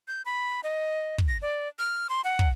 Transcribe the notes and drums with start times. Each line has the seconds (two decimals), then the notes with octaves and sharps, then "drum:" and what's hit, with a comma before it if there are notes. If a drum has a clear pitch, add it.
0.08 G6
0.25 B5
0.64 D#5
1.18 drum: kick
1.28 A#6
1.42 D5
1.79 F6
2.09 C6
2.24 F#5
2.39 drum: kick